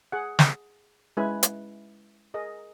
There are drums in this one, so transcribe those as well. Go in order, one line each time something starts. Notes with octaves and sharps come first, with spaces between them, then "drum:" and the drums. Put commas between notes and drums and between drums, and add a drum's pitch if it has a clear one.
G#4 F#5
drum: snare
G#3 C#4 E4 B4 G#5 B5
drum: hi-hat
G#4 A#4 D#5